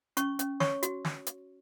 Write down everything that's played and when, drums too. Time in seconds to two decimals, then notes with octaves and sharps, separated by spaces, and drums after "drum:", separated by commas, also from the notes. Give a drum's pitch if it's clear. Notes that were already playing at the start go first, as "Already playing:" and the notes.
0.17 C#4 C#6, drum: hi-hat
0.39 C#4, drum: hi-hat
0.60 C#5 C#6, drum: snare
0.83 F#4, drum: hi-hat
1.05 drum: snare
1.26 drum: hi-hat